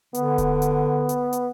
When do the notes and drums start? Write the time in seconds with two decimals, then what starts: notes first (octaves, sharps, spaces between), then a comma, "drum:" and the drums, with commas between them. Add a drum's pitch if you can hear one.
0.14 D3 B3, drum: hi-hat
0.38 drum: kick D#1, hi-hat
0.62 drum: hi-hat
1.09 drum: hi-hat
1.33 drum: hi-hat